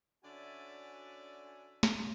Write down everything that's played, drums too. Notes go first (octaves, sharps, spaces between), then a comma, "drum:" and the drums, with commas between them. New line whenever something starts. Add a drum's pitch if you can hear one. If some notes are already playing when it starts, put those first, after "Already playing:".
D3 C#4 F#4 D5 E5 G#5
drum: snare